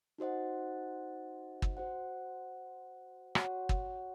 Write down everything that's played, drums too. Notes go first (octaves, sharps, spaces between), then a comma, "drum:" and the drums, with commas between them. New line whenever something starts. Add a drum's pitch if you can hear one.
D#4 F#4 C5 D#5 F#5
drum: kick
F#4 C5 F#5
F#4 C#5 F#5, drum: rim click
drum: kick